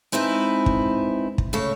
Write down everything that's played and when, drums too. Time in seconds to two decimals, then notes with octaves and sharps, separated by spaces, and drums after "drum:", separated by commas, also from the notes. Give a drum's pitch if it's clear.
0.12 G#3 C4 D#4 E4 B4
0.66 drum: kick
1.38 drum: kick
1.53 C#3 A3 C#5